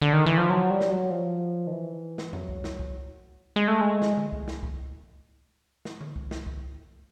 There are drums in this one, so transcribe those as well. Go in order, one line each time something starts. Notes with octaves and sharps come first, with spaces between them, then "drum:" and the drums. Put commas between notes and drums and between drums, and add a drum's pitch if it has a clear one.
D3
D#3
E3
F3
F#3, drum: tom D3
G3
drum: snare
F#3
F3
D#3
E3
drum: snare
F#3, drum: tom F2
drum: kick C2
drum: snare
drum: kick C2
G#3
A3
G#3
drum: snare
drum: tom D3
drum: kick C2
drum: snare
drum: kick C2
drum: snare
drum: tom D3
drum: kick C2
drum: snare
drum: kick C2